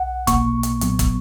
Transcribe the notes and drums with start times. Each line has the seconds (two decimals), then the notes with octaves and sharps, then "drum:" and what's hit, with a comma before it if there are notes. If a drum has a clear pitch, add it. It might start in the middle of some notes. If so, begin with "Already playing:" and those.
Already playing: B1 F#5
0.27 B1 B2 A#3 C#6, drum: kick, hi-hat
0.63 drum: hi-hat
0.81 B1 A#2 F#3 B3, drum: hi-hat
0.99 drum: kick, hi-hat